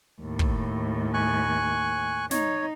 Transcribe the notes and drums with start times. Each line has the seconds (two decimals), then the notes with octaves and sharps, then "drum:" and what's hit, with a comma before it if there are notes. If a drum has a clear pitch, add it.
0.21 D#2 A2
0.39 drum: kick
1.14 G#5 C#6 F#6
2.31 D#4 C#5, drum: snare